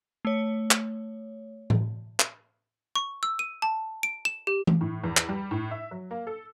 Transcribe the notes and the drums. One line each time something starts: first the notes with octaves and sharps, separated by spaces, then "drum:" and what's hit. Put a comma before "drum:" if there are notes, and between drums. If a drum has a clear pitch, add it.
A3 C#5
drum: clap
drum: tom A2
drum: clap
C#6
E6
D#7
A5
D7
E7
G4
drum: tom E3
A2
E2
drum: clap
G3
A2
E5
F#3
A#3
A4